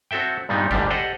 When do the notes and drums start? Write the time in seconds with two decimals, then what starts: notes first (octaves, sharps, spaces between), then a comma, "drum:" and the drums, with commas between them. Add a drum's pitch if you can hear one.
0.11 C4 F#4 A4 E5 G5
0.49 G2 A#2 G3 B3 D#4
0.71 D2 G#2 D3 G3 D4 G4, drum: kick G1
0.90 G4 A4 C5 D#5 F#5